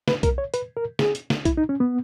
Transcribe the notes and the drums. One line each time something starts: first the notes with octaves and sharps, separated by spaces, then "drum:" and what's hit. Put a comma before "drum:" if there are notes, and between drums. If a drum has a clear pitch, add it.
B4, drum: snare
A#4, drum: kick B1, hi-hat
C#5
B4, drum: hi-hat
A#4
G#4, drum: snare
drum: hi-hat
drum: snare
E4, drum: kick B1, hi-hat
D#4
C#4
B3